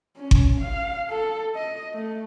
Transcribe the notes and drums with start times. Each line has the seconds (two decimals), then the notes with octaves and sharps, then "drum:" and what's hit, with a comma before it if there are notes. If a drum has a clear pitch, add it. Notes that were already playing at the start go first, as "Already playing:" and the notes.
0.17 C#4
0.31 drum: kick G1
0.61 F5
1.10 A4
1.55 D#5
1.93 A3